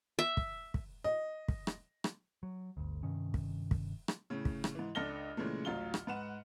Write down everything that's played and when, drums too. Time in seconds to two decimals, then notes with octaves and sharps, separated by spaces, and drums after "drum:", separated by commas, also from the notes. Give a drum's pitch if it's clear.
0.19 E5
0.37 drum: kick
0.74 drum: kick
1.04 D#5
1.48 drum: kick
1.67 drum: rim click
2.04 drum: rim click
2.43 F#3
2.77 G1 D2
3.03 G2 C3 D#3 C#4
3.34 drum: kick
3.71 drum: kick
4.08 drum: rim click
4.30 A2 C#3
4.45 drum: kick
4.64 drum: rim click
4.75 G#2 E3
4.95 C#2 D4 A4 F6 A#6 G7
5.37 A#2 C#3 E3 G#3 A3
5.65 A1 D2 F#3 F4 F6 G7
5.94 drum: rim click
6.07 G#2 B4 F#5 E7